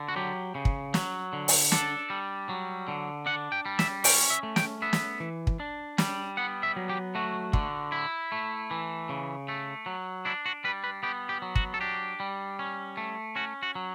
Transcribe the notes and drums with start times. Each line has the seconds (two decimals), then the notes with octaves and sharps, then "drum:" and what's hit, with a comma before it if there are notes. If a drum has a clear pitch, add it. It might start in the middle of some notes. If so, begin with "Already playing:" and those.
Already playing: D3
0.08 F#4
0.16 F#3 G4
0.55 C#3
0.65 drum: kick
0.94 F#3, drum: snare
1.33 D3
1.48 drum: open hi-hat
1.72 D4 A4, drum: snare
2.10 G3
2.49 F#3
2.88 D3
3.26 D4 F#5
3.52 G5
3.66 G3
3.79 E5, drum: snare
4.04 C#4 G5, drum: open hi-hat
4.30 E5
4.43 A3
4.56 G5, drum: snare
4.82 B3 E5
4.93 drum: snare
5.20 E3
5.47 drum: kick
5.60 D4
5.98 G3, drum: snare
6.37 B3 F#5
6.63 E5
6.76 F#3
6.90 G4
7.15 A3 F#4
7.53 D3, drum: kick
7.92 E4
8.32 A3
8.71 E3
9.09 C#3
9.48 A3
9.86 F#3
10.25 D4 E4
10.46 F#4
10.64 G3 B4
10.84 B4
11.03 B3 G4
11.29 G4
11.42 F#3
11.55 F#4, drum: kick
11.74 A4
11.81 D4 G4
12.20 G3
12.59 C#4
12.97 A3
13.36 C#4 F#4
13.63 F#4
13.75 F#3